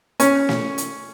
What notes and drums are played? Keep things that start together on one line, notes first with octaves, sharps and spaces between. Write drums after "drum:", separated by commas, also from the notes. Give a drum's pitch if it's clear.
C#4, drum: hi-hat
drum: snare
drum: hi-hat